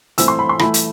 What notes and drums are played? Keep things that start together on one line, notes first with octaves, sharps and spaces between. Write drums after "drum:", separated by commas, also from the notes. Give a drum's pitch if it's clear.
E3 A3 C4 E4 E6, drum: hi-hat
C6
B5
C6
E3 A3 E4 B5, drum: rim click
drum: hi-hat